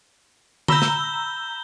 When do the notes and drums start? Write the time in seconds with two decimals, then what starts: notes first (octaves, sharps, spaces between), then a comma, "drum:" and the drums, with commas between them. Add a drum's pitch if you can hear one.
0.68 A#5 B5 E6 G6 G7, drum: tom D3
0.82 drum: snare